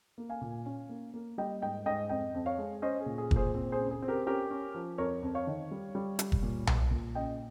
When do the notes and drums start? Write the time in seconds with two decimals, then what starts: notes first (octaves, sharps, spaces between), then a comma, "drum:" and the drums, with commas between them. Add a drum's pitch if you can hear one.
0.18 A#3
0.29 F5 G#5
0.41 A#2
0.66 C#4
0.89 A#3
1.14 A#3
1.38 G3 D#5 G5
1.62 G#2 D#5 G5
1.86 G#2 D#5 G5
2.09 F2 D#5 G5
2.34 F2
2.46 C#5 F5
2.58 G#3
2.82 C#4 C5 D#5
3.01 G#4
3.06 A#2
3.18 G#4
3.31 A#2, drum: kick
3.36 G#4 C5
3.55 C4
3.72 G#4 C5
3.78 C#3
3.91 G#4
4.02 C4
4.08 G4 A#4
4.26 C#4 G4 A#4
4.50 C#4
4.74 F3
4.98 F2 A#4 C#5
5.23 F2
5.35 C#5 F5
5.47 D#3
5.71 G3
5.95 G3
6.19 G3, drum: hi-hat
6.32 drum: kick
6.43 A#2
6.67 A#2, drum: tom B1
6.91 A#2
7.15 C#3 D#5 G5